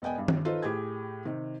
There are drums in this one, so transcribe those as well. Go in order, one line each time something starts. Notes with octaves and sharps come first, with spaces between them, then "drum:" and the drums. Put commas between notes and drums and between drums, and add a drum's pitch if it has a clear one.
E1 B3 D#5 G5 G#5
G2
drum: tom D#3
D#4 F4 A4 B4 C5
A2 G4 G#4 G#6
C3 D#3